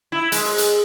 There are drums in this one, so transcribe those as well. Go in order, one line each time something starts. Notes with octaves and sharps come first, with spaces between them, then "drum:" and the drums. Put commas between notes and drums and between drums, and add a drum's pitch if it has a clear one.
E4
G#3, drum: hi-hat
drum: open hi-hat
drum: hi-hat